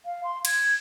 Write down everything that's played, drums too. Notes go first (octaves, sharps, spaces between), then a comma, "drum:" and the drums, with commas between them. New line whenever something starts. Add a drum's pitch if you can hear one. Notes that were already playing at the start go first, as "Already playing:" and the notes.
F5
C6
G#6, drum: cymbal